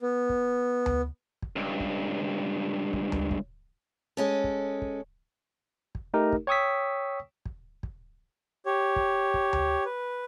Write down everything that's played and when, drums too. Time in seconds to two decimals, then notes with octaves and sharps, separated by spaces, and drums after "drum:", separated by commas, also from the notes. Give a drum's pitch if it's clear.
0.01 B3
0.29 drum: kick
0.86 drum: tom D2
1.42 drum: kick
1.56 C#2 G2
1.80 drum: kick
2.93 drum: kick
3.12 drum: tom D2
3.31 drum: kick
4.17 G#3 C#4 A4
4.44 drum: kick
4.82 drum: kick
5.95 drum: kick
6.14 A3 D#4 G4 A#4
6.32 drum: kick
6.47 C#5 G5 C#6 D#6 E6 B6
7.45 drum: kick
7.83 drum: kick
8.66 G4 C#5
8.96 drum: kick
9.34 drum: kick
9.53 drum: tom D2
9.85 B4